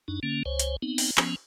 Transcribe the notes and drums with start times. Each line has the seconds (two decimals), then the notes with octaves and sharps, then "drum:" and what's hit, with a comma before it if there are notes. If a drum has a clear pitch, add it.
0.08 F#2 D4 D#4
0.23 D3 A#3 C#4
0.46 C#2 C5 C#5
0.59 drum: hi-hat
0.82 B3 C4 D#4
0.98 drum: open hi-hat
1.17 F3 B3 C#4, drum: clap